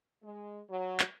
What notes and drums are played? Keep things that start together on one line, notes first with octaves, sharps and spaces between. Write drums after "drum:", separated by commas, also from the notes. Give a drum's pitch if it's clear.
G#3
F#3
drum: clap